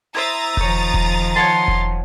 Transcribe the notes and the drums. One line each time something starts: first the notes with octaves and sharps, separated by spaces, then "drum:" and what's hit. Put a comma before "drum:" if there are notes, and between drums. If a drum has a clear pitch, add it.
E4 C5 E5 A#5 D#6 A6
D#3 F3 C5 C#5, drum: kick E1
drum: kick E1
C#5 F#5 A5 C6
drum: kick E1